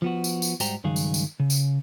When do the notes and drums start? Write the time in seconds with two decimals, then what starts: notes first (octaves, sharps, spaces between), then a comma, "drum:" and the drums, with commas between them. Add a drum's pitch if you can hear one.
0.02 F3 B3 F#4
0.24 drum: tambourine
0.42 drum: tambourine
0.60 G#2 G3 F#4 C5 G5 A#5, drum: tambourine
0.84 C#2 G2 D#3 F#3 G#4 F5
0.96 drum: tambourine
1.14 drum: tambourine
1.40 C#3
1.50 drum: tambourine